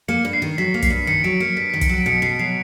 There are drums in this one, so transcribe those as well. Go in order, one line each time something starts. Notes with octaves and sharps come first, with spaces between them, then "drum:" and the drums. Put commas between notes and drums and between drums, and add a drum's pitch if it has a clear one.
A#3 C#7
G2
C7
D#3
F#3 B6
A#3
C7, drum: kick, hi-hat
G2
D#3 C#7
F#3 D7
A#3 C#7
G2 B6
B6
D#3
C#7, drum: kick, hi-hat
F#3 D7
D7
B2 C#7
B2 C7
F#3 C7